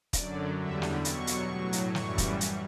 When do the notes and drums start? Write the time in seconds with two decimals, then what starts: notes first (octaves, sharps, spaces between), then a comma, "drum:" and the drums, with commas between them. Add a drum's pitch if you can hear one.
0.13 F#2 D3 F#3 D5, drum: kick, hi-hat
0.58 E2 D3 G3 E5
0.82 drum: snare
1.05 B2 F#3 C#6, drum: hi-hat
1.27 drum: hi-hat
1.50 A2 F#3
1.73 drum: hi-hat
1.95 F#2 E3 G3 C#6, drum: snare
2.18 drum: kick, hi-hat
2.41 drum: hi-hat